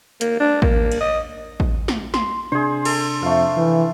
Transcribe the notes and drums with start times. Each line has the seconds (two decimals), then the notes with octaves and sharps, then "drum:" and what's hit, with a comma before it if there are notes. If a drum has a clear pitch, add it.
0.21 A#3, drum: hi-hat
0.40 D4
0.62 A#3, drum: kick A1
0.92 drum: cymbal
1.01 D#5
1.60 drum: kick A1
1.88 drum: snare
2.14 C6, drum: snare
2.52 C3 D4 G#4 C5
2.85 A4, drum: cymbal
3.22 F2 A3 F5
3.57 E3